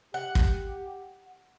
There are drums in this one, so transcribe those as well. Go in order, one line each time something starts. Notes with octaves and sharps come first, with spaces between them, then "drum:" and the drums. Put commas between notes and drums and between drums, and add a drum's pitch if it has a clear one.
G4 F#5
drum: kick